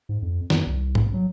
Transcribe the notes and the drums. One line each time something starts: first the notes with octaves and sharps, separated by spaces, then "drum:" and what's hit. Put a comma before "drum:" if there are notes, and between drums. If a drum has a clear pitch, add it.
G#2
F2
F#2, drum: snare
C2
A#1, drum: tom
F#3